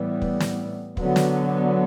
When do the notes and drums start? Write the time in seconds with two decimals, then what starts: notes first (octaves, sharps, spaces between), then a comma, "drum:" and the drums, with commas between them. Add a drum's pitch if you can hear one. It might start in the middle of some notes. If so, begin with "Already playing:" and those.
Already playing: A2 E3 G3 B3
0.22 drum: kick
0.40 drum: snare
0.97 D3 F#3 B3, drum: kick
1.16 drum: snare